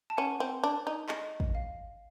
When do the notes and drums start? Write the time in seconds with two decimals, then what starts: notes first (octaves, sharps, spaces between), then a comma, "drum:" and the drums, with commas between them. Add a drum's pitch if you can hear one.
0.10 A5
0.17 C#4 F#5 G#5
0.40 C4
0.64 D4
0.87 D#4
1.09 D#5, drum: clap
1.40 drum: kick
1.55 F5